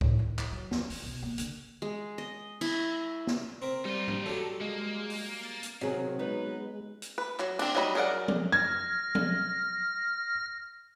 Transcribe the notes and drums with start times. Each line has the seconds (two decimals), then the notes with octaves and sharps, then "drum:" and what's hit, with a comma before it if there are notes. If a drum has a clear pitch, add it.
0.01 A2, drum: kick C#2
0.19 D#3
0.39 E4, drum: clap
0.52 F#3
0.71 E2, drum: snare
0.90 E3, drum: open hi-hat
1.04 B1
1.23 A#3
1.38 D3, drum: hi-hat
1.82 G#3
2.18 D#5
2.61 E4, drum: cymbal
3.27 drum: snare
3.62 C4 A#4 E5
3.85 G3 D#4 F4
4.08 drum: tom
4.26 F#3 G3 A4
4.61 G#3 A#3
5.10 drum: open hi-hat
5.43 A6
5.63 drum: hi-hat
5.81 C3 D#3 F#3 B3 C4 G#4
6.19 G#3 B3 D#4 B4
7.02 drum: hi-hat
7.18 B4
7.39 F#3, drum: clap
7.59 C4 D4, drum: cymbal
7.75 F#3 G3 D#4 B5
7.95 F#3 G#4 A#4 D5 F#5
8.28 drum: tom F3
8.52 F6 G#6 A#6
9.15 drum: tom F3